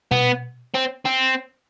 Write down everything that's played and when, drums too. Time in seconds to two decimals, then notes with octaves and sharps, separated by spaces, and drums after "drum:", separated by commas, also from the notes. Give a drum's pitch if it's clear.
0.11 B3, drum: tom B2
0.74 C4
1.05 C4